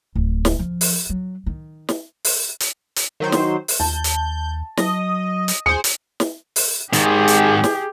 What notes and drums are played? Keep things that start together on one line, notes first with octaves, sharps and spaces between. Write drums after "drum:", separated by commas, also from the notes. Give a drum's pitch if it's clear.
D1
drum: snare
F3
drum: open hi-hat
F#3
D#3
drum: snare
drum: open hi-hat
drum: hi-hat
drum: hi-hat
D#3 F#3 C5
drum: snare
drum: open hi-hat
D#2 A5 G6
drum: hi-hat
F#3 D#5, drum: snare
drum: hi-hat
D#2 G#4 C5 C#7
drum: hi-hat
drum: snare
drum: open hi-hat
G#2 D#3 G4 G#4, drum: hi-hat
drum: hi-hat
drum: snare